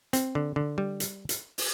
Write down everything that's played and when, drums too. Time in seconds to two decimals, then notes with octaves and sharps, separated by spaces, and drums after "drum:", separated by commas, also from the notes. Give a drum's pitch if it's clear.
0.13 C4, drum: hi-hat
0.35 D3
0.56 D3
0.78 G3
1.00 drum: hi-hat
1.29 drum: hi-hat
1.58 drum: open hi-hat